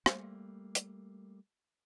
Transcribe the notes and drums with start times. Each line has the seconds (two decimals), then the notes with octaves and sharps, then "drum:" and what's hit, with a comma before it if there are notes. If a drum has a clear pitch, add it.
0.06 G3 A3 A#3, drum: rim click
0.75 drum: hi-hat